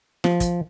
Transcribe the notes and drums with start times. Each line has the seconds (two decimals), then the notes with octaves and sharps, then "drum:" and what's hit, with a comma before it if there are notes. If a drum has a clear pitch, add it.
0.24 F3, drum: snare
0.40 drum: kick, hi-hat